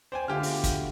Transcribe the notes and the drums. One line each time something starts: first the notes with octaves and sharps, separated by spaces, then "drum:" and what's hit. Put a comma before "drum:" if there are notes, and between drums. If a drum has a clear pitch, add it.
C5 D5 G5 G#5
D3 G#3 A3 F4 G4 F6
B3 F#4, drum: open hi-hat
drum: kick, hi-hat